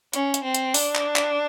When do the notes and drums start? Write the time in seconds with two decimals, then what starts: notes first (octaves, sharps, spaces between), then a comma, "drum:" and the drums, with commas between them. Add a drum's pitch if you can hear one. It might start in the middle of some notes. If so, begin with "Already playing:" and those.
0.13 C#4, drum: hi-hat
0.34 drum: hi-hat
0.44 C4
0.55 drum: hi-hat
0.74 D4, drum: open hi-hat
0.95 drum: clap
1.16 drum: clap